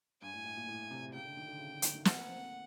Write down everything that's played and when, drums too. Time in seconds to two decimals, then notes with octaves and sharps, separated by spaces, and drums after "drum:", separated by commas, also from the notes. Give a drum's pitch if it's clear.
0.22 G2 G#5
0.34 A2
0.44 A2
0.56 A#2
0.68 A2
0.91 C3
1.14 C#3 G5
1.25 D3
1.37 D#3
1.48 D3
1.59 C#3
1.71 D3
1.82 D#3, drum: hi-hat
1.93 D#3
2.05 A3 F#5, drum: snare
2.17 A#3
2.28 C4
2.40 C4